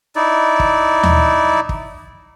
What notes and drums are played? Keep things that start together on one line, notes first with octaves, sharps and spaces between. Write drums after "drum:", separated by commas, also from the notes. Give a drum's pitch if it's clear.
D#4 E4 D5
drum: kick
drum: tom D#2
drum: kick